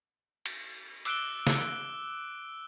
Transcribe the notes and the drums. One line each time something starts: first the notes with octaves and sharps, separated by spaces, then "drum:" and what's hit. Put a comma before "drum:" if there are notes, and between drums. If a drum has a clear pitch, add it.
drum: cymbal
D6 E6 F#6 D7 E7 G7, drum: hi-hat
drum: snare